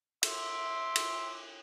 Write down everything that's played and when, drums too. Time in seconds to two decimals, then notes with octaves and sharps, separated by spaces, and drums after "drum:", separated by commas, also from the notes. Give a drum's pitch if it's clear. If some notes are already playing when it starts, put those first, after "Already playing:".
0.23 E5 C6 D6, drum: cymbal
0.96 drum: cymbal